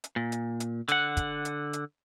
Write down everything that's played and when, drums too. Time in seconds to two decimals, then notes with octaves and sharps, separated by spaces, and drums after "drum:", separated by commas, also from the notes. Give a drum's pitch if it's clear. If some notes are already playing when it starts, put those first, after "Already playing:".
0.04 drum: hi-hat
0.16 A#2
0.32 drum: hi-hat
0.60 drum: hi-hat
0.88 D3 F#5, drum: hi-hat
1.17 drum: kick, hi-hat
1.45 drum: hi-hat
1.73 drum: hi-hat